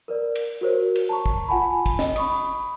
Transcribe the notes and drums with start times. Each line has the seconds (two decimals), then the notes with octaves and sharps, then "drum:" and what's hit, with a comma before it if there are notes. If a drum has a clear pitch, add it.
0.08 A#4 B4 D5
0.35 drum: cymbal
0.61 F#4 G4 A#4 C5 C#5
0.96 drum: cymbal
1.09 A5 A#5 C#6
1.26 drum: kick
1.48 F4 F#5 G#5 A5 B5
1.86 drum: kick, cymbal
1.99 D#5, drum: snare
2.16 B5 C#6 D#6, drum: cymbal